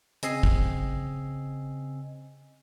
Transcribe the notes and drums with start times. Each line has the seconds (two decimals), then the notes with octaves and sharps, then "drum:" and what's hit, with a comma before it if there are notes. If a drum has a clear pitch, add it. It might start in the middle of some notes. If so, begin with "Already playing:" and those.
0.23 C#3 C4 D#5 G#5 E6 C7, drum: hi-hat
0.43 drum: kick